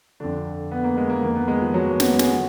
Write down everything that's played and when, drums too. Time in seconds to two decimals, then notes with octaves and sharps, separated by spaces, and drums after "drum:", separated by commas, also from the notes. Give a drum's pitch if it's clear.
0.20 F2 D3 D4
0.72 B3
0.84 A#3
0.97 G#3
1.10 A#3
1.23 F2 D#3 A#3
1.35 B3
1.48 G#3
1.61 F3
1.74 F#3
1.87 A#3
2.00 B3, drum: snare
2.19 G#4, drum: snare
2.25 D3 F#4